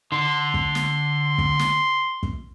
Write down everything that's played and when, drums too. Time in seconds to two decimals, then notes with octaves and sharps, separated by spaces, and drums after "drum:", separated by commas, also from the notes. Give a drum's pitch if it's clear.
0.12 D3 C6
0.54 drum: kick
0.75 drum: snare
1.38 drum: kick
1.59 drum: snare
2.23 drum: kick